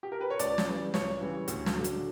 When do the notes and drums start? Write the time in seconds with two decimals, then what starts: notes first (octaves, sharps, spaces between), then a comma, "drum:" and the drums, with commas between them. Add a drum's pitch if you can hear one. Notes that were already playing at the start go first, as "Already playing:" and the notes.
0.03 G4
0.12 A#4
0.21 B4
0.30 C#5
0.39 C#2 D5, drum: hi-hat
0.58 drum: snare
0.67 C#3 E3 G3
0.94 C#2 C#5, drum: snare
1.21 C#3 E3 G3
1.48 D2, drum: hi-hat
1.66 drum: snare
1.75 D3 F#3
1.84 drum: hi-hat